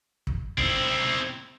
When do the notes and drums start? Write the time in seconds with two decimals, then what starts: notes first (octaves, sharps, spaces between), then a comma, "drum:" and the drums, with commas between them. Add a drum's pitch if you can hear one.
0.27 drum: kick
0.58 C4 E4, drum: kick